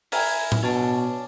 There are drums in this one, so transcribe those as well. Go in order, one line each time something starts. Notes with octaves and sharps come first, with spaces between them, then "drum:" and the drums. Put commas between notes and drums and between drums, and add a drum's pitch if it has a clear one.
E4 A#4 G#5, drum: open hi-hat
drum: tom A2
B2 C#4 D4